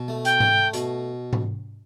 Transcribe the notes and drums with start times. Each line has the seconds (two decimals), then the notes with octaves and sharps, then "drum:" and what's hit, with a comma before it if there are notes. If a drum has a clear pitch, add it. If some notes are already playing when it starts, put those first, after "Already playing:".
Already playing: B2
0.08 A3
0.25 G5, drum: hi-hat
0.40 A3, drum: tom G#2
0.73 B2, drum: hi-hat
1.33 drum: tom G#2